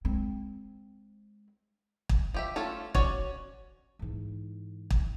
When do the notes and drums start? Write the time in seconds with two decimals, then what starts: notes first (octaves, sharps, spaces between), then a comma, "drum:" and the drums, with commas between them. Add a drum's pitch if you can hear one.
0.05 G#3 C4
2.09 drum: kick
2.34 F3 G4 E5
2.56 A3 C#4 F4 A4
2.95 C#4 F#4 C#5 D5, drum: kick
3.99 G#2 E3
4.90 drum: kick